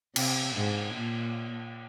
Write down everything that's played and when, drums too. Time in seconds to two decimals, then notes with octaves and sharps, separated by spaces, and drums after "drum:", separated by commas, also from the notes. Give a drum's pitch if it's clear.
0.16 C3, drum: cymbal
0.55 G#2
0.94 A#2